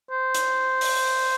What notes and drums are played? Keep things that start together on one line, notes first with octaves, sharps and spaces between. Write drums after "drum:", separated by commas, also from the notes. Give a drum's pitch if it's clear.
C5
drum: hi-hat
drum: open hi-hat